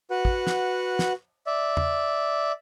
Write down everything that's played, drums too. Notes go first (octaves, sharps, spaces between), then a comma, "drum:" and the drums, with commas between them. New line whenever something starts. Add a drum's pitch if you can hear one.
F#4 B4 F#5
drum: kick
drum: snare
drum: snare
D5 E5
drum: tom E2